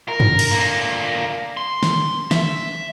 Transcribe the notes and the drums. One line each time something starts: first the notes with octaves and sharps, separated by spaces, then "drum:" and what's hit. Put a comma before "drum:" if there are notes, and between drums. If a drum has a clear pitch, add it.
A#4
drum: tom F#2
drum: cymbal
D3 A#3
C6
drum: snare
E5, drum: snare